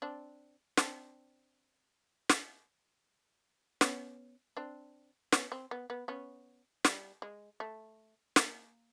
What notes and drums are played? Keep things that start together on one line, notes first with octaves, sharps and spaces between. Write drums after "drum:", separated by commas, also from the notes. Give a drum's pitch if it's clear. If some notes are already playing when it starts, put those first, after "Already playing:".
C4 D4
C4 D4, drum: snare
drum: snare
B3 C#4, drum: snare
C4 D4
B3 C#4, drum: snare
C4
B3
B3
B3 C#4
G3, drum: snare
G#3
A3
A#3, drum: snare